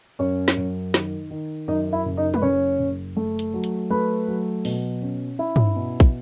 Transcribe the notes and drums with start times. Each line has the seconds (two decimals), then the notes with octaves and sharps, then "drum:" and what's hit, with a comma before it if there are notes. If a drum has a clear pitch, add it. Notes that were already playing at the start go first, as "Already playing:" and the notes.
0.19 F#2 C#4 C#5
0.48 drum: snare
0.57 F#2
0.94 D#3, drum: snare
1.31 D#3
1.68 F#2 D#4 D#5
1.93 E4 E5
2.05 F#1
2.17 D#4 D#5
2.34 B4, drum: tom
2.42 F#1 C#4 C#5
2.79 F#1
3.17 A3
3.39 drum: hi-hat
3.54 F#3
3.64 drum: hi-hat
3.90 A3 B4 B5
4.28 F#3
4.65 B2, drum: open hi-hat
5.02 C#4
5.39 C#4 E4 E5
5.56 drum: tom
5.76 B2
6.00 drum: kick